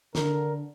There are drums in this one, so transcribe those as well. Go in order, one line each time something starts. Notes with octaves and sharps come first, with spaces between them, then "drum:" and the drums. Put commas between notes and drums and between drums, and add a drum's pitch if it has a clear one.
D3 A#4, drum: snare